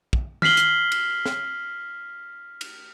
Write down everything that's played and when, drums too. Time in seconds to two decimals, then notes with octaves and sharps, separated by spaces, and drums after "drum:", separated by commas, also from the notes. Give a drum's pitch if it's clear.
0.13 drum: kick
0.42 F6 B6 C7 F#7 G7, drum: tom D#3
0.57 drum: hi-hat
0.92 drum: cymbal
1.26 drum: snare
2.61 drum: cymbal